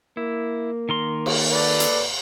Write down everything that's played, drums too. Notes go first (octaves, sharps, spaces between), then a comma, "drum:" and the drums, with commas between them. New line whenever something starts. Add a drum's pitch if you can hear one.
A#3 E4
D#3 A#4 C6
drum: cymbal
A4 B4 D5
drum: hi-hat